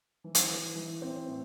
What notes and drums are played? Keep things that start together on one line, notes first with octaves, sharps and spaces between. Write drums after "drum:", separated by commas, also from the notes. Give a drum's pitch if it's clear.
E3
drum: hi-hat
E3
E3
C4
A2